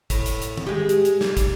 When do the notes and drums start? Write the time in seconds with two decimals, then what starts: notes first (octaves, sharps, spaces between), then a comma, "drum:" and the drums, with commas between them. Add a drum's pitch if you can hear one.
0.10 A2, drum: kick, hi-hat
0.26 drum: hi-hat
0.42 drum: hi-hat
0.58 drum: tom
0.67 G#3 G4
0.89 drum: hi-hat
1.05 drum: hi-hat
1.21 drum: snare
1.37 drum: kick, hi-hat